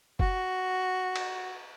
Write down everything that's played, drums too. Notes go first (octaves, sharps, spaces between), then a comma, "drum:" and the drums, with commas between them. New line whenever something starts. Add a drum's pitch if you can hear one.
F#4, drum: kick F#1
drum: cymbal